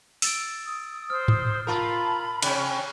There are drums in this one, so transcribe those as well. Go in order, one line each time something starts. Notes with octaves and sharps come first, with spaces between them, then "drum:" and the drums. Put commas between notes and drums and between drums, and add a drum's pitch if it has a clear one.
E6 A6 D7, drum: open hi-hat
D#6
C5 F6
drum: tom G#2
F4 A#4 A5 B5
C3 C#4 G5 F#6 G6, drum: cymbal